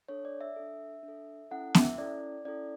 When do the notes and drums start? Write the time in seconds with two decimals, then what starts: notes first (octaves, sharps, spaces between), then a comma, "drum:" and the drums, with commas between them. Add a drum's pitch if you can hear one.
0.08 D4 A4 C#5
0.25 D5
0.41 E5
0.56 D4 A4
1.03 D4
1.08 A4
1.51 C#4 E4 A4 F#5
1.74 E5, drum: snare B3
1.98 C#4 E4 A4 D5
2.45 C#4 E4 A4 D5